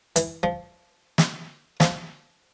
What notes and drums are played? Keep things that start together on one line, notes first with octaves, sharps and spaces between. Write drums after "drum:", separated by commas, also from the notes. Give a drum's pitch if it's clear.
E3, drum: hi-hat
F3
drum: snare
F3, drum: snare